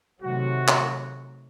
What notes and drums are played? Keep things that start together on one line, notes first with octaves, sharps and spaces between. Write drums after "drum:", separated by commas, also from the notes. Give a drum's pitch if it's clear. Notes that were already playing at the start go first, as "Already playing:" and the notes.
C3 D#3 F#3 A3 F#4
drum: clap